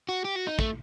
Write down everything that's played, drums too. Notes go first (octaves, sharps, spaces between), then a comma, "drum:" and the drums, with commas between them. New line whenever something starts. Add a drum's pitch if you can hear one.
F#4
G4
F#4
D#4
A3, drum: kick